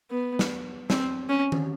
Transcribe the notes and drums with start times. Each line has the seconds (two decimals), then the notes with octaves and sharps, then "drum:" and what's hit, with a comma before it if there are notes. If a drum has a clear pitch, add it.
0.11 B3
0.39 drum: snare
0.90 C4, drum: snare
1.29 C#4
1.52 drum: tom D#3